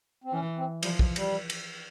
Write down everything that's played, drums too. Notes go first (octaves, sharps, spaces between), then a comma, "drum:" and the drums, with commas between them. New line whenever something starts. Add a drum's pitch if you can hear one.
C4
E3 C#4
C4
F3 G3, drum: cymbal
F#3, drum: kick
G3, drum: cymbal
drum: cymbal